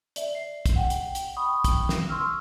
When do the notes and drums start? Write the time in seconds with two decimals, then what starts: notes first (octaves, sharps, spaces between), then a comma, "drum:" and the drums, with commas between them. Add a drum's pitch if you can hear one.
0.16 D5 E5, drum: hi-hat
0.35 C7
0.66 drum: kick, hi-hat
0.76 F#5 G5
0.90 drum: hi-hat
1.15 drum: hi-hat
1.37 G5 B5 C#6 D#6
1.64 drum: kick, hi-hat
1.89 drum: snare
2.09 C6 C#6 E6 F6